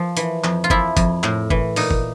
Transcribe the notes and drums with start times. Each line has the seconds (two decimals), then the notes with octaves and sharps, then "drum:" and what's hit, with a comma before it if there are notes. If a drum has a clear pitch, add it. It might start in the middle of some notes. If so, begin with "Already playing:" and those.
Already playing: F3
0.17 E3, drum: hi-hat
0.44 F2, drum: clap
0.64 F4
0.70 F3 E4, drum: kick
0.97 F2, drum: kick, hi-hat
1.23 A2, drum: clap
1.50 E3, drum: kick
1.76 A#2 D#4, drum: open hi-hat
1.91 drum: kick